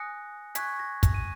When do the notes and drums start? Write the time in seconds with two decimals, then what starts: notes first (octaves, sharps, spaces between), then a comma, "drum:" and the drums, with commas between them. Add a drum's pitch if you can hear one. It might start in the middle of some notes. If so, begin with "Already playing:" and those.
Already playing: G#5 D#6 F#6 A#6 C#7
0.55 G#5 C#6 F#6 G#6 B6, drum: hi-hat
0.79 A#6
1.03 A#6, drum: kick, hi-hat
1.14 D#7